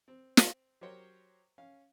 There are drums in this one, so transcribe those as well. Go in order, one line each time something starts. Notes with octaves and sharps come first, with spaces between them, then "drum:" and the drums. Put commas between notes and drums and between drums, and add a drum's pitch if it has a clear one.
C4
drum: snare
F#3 G4 A#4 C5 C#5
C#4 F5